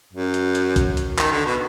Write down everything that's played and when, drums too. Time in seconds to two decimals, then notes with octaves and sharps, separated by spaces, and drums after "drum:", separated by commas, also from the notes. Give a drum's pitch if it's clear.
0.13 F#2
0.34 drum: hi-hat
0.55 drum: hi-hat
0.76 drum: kick, hi-hat
0.97 drum: hi-hat
1.18 D#3, drum: clap
1.32 D3
1.46 B2